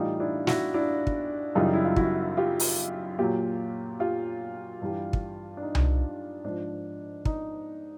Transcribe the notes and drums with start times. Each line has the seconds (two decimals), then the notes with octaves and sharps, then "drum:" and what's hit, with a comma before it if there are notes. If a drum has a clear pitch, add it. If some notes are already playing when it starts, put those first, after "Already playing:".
Already playing: A2 E3 G3 D#4 F4
0.20 D4 E4
0.47 E4 F#4, drum: snare
0.74 D4 E4
1.07 drum: kick
1.55 F#2 C#3 E3 G3 D#4 F4
1.73 E4
1.85 F4
1.96 E4 F#4, drum: kick
2.37 F4 G4
2.60 drum: open hi-hat
3.18 A#2 F#3 F4 G4
4.00 F4 G4
4.82 G2 E3 G3
5.13 drum: kick
5.57 D4
5.63 D#4
5.75 drum: tom C2
6.44 G#2 F3 D4
7.25 D#4, drum: kick